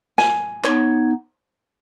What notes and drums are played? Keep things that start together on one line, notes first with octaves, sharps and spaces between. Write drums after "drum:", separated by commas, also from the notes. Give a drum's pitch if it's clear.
G#5, drum: snare
B3 D#4 C#5, drum: clap